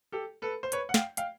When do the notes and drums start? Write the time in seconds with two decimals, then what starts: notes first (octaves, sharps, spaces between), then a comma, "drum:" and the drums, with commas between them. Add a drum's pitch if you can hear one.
0.12 G4 A4
0.42 A4 B4
0.63 C5
0.72 B4 C#5, drum: hi-hat
0.89 F#5
0.94 F5 G5, drum: snare
1.17 F5 G5, drum: hi-hat